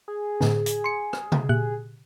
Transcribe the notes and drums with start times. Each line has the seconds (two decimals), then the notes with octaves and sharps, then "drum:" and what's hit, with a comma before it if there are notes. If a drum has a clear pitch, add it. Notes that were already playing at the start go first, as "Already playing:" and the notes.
0.08 G#4
0.41 A2 D3, drum: snare
0.66 drum: hi-hat
0.84 C6 C#7
1.13 drum: rim click
1.32 drum: tom C3
1.49 A#2 G4 F#6